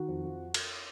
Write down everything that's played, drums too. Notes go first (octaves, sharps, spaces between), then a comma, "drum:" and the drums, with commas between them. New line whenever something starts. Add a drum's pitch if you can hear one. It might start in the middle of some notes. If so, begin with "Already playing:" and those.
Already playing: D#3 F#4
F2
F3
drum: cymbal